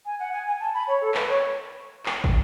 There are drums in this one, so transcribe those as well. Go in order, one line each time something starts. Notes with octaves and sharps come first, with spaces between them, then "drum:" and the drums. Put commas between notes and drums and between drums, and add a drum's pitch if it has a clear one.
G#5
F#5
G#5
G#5
A5
B5
C#5
A4
B4, drum: clap
C#5
drum: clap
drum: kick